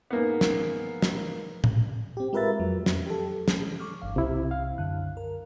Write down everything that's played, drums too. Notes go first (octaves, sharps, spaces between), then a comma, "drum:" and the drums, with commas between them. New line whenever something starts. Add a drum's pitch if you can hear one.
G#2 A#3 B3
drum: snare
drum: snare
drum: tom A2
C4 G4
G#3 F4 A#4 B4 E5 A6
F2 F#3
drum: snare
G4 A4
drum: snare
C#6 D6 F6
G#1 G2 F5
C2 C3 E4
F5
F#2 D3 F#6
A#4